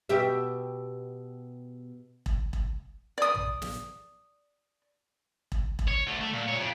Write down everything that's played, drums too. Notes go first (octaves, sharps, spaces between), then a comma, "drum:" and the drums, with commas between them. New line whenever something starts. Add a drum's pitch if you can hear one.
B2 G4 E5
drum: kick E1
drum: kick E1
D5 D#6
drum: tom
drum: snare
drum: kick E1
drum: kick E1
C#5
D3 A3
A3
A#2
A#2 C#5
F2